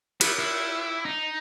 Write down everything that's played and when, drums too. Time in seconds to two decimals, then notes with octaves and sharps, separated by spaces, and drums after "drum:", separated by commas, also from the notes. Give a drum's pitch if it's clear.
0.21 E4, drum: cymbal
0.39 E4
1.05 D#4